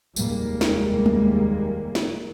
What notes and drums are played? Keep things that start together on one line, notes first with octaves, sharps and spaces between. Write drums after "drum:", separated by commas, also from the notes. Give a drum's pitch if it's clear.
F1 D#2 G3 G#3 A#3, drum: tambourine
drum: snare
drum: tom G#3
drum: snare